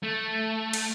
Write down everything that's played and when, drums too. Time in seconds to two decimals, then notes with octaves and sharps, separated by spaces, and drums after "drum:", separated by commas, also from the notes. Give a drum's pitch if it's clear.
0.03 A3
0.73 drum: cymbal